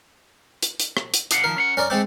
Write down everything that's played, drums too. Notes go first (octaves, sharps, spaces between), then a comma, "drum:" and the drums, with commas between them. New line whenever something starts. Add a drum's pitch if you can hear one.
drum: hi-hat
drum: hi-hat
drum: rim click
drum: hi-hat
D4 F5 F#5, drum: hi-hat
D#3 F3 A#4
C#4 F5 F#5
F#2 C#4 A#4 D5
G#3 A3 C4 D6